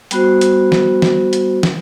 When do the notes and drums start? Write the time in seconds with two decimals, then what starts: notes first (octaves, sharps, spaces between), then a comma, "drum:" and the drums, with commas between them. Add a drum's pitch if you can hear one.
0.11 G3 B3 F#4 C5, drum: hi-hat
0.41 drum: hi-hat
0.72 drum: snare
1.02 drum: snare
1.33 drum: hi-hat
1.63 drum: snare